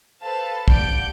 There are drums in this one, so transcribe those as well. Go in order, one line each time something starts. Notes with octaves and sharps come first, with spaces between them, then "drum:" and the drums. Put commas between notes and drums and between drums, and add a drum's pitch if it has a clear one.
A4 B4 C5 F5 A5
D4 G4 F#5 G6 D7, drum: kick